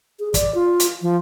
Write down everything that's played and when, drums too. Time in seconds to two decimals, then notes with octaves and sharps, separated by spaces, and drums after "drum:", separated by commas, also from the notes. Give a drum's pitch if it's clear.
0.20 G#4
0.34 D5, drum: kick, hi-hat
0.55 F4
0.80 drum: hi-hat
1.02 F3